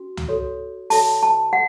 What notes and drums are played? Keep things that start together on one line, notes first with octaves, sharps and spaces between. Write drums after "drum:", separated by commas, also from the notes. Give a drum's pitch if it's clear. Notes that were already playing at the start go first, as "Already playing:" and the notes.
Already playing: C#4 F#4
drum: tom
F#4 A4 C#5
F#4 A4 C#5 A5, drum: open hi-hat
A5
F#5